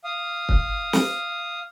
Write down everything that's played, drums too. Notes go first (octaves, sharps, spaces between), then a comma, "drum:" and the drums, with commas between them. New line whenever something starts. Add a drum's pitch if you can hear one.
F5 D#6
drum: kick
drum: snare